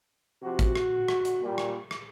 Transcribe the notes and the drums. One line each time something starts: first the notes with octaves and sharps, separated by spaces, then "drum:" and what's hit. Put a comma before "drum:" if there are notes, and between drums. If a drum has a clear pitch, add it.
C3 F3 F#4
drum: kick, hi-hat
drum: rim click
drum: rim click
drum: hi-hat
A#2 G3
drum: rim click
drum: rim click